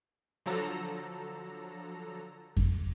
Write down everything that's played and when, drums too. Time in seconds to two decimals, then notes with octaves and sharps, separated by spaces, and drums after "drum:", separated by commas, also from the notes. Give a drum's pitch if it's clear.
0.46 D3 F3 F#3 A4 A#5
2.57 drum: kick F2